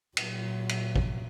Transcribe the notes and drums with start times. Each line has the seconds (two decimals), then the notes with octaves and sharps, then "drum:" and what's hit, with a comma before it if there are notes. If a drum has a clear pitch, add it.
0.17 A#2 F#3, drum: cymbal
0.69 drum: cymbal
0.96 drum: kick